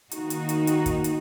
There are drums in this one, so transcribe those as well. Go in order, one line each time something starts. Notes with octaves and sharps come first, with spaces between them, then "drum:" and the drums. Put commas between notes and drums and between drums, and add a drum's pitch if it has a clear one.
D#3 A#3 D#4 F#4, drum: hi-hat
drum: hi-hat
drum: hi-hat
drum: hi-hat
drum: kick, hi-hat
drum: hi-hat